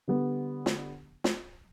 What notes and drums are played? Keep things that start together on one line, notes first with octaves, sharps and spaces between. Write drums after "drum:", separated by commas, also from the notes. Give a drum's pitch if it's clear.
D3 G3 B3
drum: snare
drum: snare